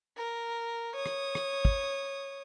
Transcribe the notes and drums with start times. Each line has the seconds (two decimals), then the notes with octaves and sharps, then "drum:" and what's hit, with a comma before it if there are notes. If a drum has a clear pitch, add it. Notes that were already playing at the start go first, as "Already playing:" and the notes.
0.17 A#4
0.95 C#5 D#6
1.06 drum: rim click
1.35 drum: rim click
1.65 drum: kick